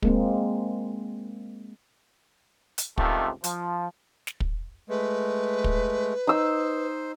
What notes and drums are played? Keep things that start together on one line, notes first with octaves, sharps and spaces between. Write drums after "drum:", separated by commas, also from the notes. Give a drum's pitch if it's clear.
G#3 A#3 C4, drum: kick
drum: hi-hat
C#2 C3 D#3 A3 F4, drum: kick
F3, drum: hi-hat
drum: snare
drum: kick
G#3 A3 B4
drum: kick
D#4 C5 E6